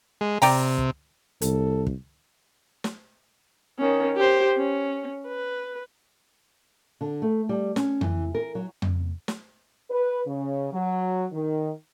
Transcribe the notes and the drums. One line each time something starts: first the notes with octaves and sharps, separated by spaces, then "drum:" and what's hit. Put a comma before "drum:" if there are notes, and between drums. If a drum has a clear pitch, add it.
G#3
C3 D5 G5 A#5, drum: open hi-hat
drum: kick
C2 A4, drum: hi-hat
drum: kick
drum: snare
D#3 C#4
G4 C5
C#4
B4
D3
A3
G3
C#4, drum: snare
E3, drum: tom F2
A#4
F#3
drum: tom F2
drum: snare
B4
C#3
F#3
D#3